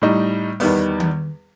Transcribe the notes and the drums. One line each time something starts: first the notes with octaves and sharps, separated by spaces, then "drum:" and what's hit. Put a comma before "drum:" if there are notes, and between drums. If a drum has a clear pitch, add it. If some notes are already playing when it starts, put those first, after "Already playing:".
A2 G3 D#4
E2 D#3 G3 B3, drum: open hi-hat
drum: tom D#3